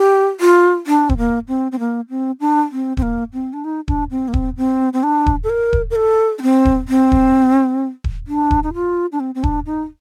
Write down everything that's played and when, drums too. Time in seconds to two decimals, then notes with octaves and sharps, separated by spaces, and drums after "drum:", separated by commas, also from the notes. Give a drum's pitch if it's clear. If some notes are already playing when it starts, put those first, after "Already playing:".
Already playing: G4
0.40 F4
0.87 D4
1.09 C4, drum: kick D#1
1.18 A#3
1.48 C4
1.72 C4
1.79 A#3
2.10 C4
2.40 D4
2.72 C4
2.97 C4, drum: kick D#1
3.02 A#3
3.33 C4
3.53 D4
3.64 D#4
3.88 D4, drum: kick D#1
4.11 C4
4.28 A#3
4.34 C4, drum: kick D#1
4.57 C4
4.93 C4
5.03 D4
5.26 drum: kick D#1
5.44 A4
5.50 A#4
5.73 drum: kick D#1
5.90 A#4
5.96 A4
6.38 D4
6.42 C4
6.65 drum: kick D#1
6.88 C4
7.12 drum: kick D#1
8.04 drum: kick D#1
8.27 D4
8.51 drum: kick D#1
8.63 D#4
8.74 F4
9.12 D4
9.20 C4
9.35 C4
9.43 D4, drum: kick D#1
9.66 D#4